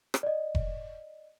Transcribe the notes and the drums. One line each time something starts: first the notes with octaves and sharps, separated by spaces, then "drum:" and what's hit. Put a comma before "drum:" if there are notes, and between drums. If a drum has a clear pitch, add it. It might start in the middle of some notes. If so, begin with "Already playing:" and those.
drum: rim click
D5 D#5
drum: kick F1